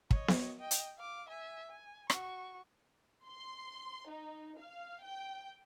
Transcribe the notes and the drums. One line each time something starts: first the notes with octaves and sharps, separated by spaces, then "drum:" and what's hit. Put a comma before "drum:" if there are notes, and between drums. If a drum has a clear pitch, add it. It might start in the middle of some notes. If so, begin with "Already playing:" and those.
C#5 D#5, drum: kick
drum: snare B3
D#5 G5
drum: hi-hat
F5 D6
E5 G#5
G#5
F#4 C#6, drum: rim click
C6
D#4
F5
G5